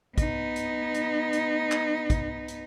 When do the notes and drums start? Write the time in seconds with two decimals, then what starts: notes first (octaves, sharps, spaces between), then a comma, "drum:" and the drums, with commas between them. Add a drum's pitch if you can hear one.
0.18 B3 D#4, drum: kick, hi-hat
0.56 drum: hi-hat
0.95 drum: hi-hat
1.33 drum: hi-hat
1.71 drum: clap
2.10 drum: kick, hi-hat
2.48 drum: hi-hat